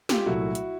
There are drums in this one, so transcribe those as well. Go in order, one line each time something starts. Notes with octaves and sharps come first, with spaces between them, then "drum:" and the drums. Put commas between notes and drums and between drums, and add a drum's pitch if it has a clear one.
F4 G4, drum: snare
C2 A#2 F#3 A3 E4 F#4
drum: hi-hat